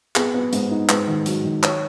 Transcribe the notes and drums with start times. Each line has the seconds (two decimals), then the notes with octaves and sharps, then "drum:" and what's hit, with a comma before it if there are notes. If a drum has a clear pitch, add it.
0.16 B3 G#4, drum: clap
0.34 B3
0.53 G#2, drum: hi-hat
0.71 D#4
0.89 G#2 B4, drum: clap
1.08 D#3
1.26 F#3, drum: hi-hat
1.45 D#3
1.63 C#5, drum: clap